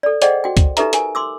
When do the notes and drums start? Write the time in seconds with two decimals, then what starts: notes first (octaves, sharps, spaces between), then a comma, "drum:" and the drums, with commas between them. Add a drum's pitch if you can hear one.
0.03 A4 D5
0.22 G#4 C5 D5 D#5 F#5 G5, drum: hi-hat
0.44 F#4 G5
0.57 drum: kick, hi-hat
0.77 D#4 G4 A4 B4 E5 A#5, drum: hi-hat
0.93 A#4 G#5, drum: hi-hat
1.15 C6 D6 E6